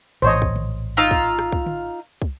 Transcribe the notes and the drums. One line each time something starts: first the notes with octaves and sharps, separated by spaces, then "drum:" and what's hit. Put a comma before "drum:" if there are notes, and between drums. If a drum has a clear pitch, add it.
A#1 A2 E3 C5 C#5 D#5
drum: kick
drum: tom D3
D#4 F4 E6
drum: kick
drum: rim click
drum: kick
drum: tom D3
drum: kick